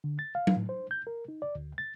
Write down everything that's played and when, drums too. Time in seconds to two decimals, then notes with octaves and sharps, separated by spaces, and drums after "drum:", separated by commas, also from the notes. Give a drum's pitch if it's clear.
0.04 D3
0.19 A6
0.35 F5
0.47 drum: tom F#3
0.56 A2
0.69 C5
0.91 G6
1.07 A#4
1.28 D#4
1.42 D5
1.55 D2
1.78 A6